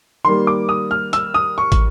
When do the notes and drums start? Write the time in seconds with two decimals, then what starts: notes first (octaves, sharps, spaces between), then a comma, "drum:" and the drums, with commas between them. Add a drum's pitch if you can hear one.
0.24 D#3 G3 A#3 C6
0.47 D6
0.69 D#6
0.91 F6
1.13 E6, drum: hi-hat
1.34 D#6
1.58 C#6
1.72 drum: kick, hi-hat